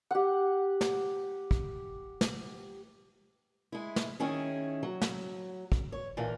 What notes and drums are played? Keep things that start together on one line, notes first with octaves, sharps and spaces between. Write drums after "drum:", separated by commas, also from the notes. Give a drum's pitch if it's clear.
G4 F#5
drum: snare
drum: kick
drum: snare
G#3 E4
drum: snare
D#3 C#4 E4 G#4
F#3
drum: snare
drum: kick
C#5
A#2 D3 E3 F4